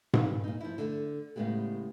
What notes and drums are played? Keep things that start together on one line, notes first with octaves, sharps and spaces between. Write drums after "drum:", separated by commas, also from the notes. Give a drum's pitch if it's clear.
C#4 B4, drum: tom G#2
A#2 D#4
F3 E4
D3 A3
A2 C#3 G3 G#3 B3 G4